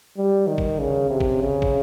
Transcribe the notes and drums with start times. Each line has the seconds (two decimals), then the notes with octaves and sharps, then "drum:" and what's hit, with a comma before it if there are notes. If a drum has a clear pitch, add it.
0.17 G3
0.47 D#3
0.58 drum: kick
0.79 C#3
1.10 C3
1.20 drum: kick
1.41 C#3
1.62 drum: kick